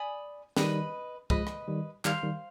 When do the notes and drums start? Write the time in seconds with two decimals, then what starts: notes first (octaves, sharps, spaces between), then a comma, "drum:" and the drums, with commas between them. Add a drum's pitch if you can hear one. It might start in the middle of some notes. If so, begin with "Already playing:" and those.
Already playing: D5 G#5 B5 D#6
0.57 D#3 G3 B4 D#5 B5, drum: snare
1.30 F3 G#3 B4 D#5 B5, drum: kick C2
1.47 drum: rim click
1.68 D#3 G3
2.05 D#3 G3 C5 F5 C6, drum: clap
2.23 D#3 G3